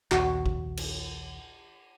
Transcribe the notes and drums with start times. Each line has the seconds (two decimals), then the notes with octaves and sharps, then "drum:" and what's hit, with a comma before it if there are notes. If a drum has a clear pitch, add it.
0.11 A#1 D#2 F#4, drum: clap
0.46 drum: kick
0.77 drum: cymbal